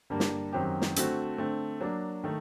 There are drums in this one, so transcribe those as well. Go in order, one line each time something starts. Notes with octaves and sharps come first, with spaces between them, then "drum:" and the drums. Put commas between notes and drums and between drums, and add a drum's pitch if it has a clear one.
G2 D3 G3 A#3
drum: snare
F#2 D#3 F#3 C4 G4
drum: snare
D3 A3 C4 F#4, drum: hi-hat
D3 A3 C4
F#3 A#3 D4
D#3 A3